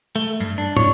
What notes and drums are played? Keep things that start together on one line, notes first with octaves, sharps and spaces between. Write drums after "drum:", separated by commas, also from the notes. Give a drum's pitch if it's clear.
A3
G2
D4
C#5, drum: tom